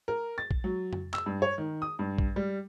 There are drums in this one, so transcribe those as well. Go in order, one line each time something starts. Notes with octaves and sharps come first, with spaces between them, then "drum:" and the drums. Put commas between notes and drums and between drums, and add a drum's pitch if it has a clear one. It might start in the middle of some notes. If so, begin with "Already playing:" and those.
A#4
A6
drum: kick A#1
F#3
drum: tom F2
E6, drum: clap
G2
C#5
D#3
D#6
G2
drum: kick A#1
G3